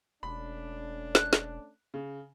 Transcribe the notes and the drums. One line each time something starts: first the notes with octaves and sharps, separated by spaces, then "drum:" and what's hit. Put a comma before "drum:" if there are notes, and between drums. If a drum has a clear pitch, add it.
E1 A3 C#4 D4 B5
F#6, drum: snare
drum: snare
C#3